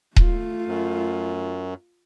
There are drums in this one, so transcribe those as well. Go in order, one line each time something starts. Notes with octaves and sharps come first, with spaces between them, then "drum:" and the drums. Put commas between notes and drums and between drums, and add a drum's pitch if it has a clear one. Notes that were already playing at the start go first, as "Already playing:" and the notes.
A3 F4, drum: kick D#1
F#2